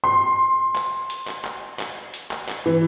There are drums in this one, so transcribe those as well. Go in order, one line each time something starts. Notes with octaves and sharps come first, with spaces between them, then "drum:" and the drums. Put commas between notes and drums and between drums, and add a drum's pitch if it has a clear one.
C6
drum: clap
drum: hi-hat
drum: clap
drum: clap
drum: clap
drum: hi-hat
drum: clap
drum: clap
E3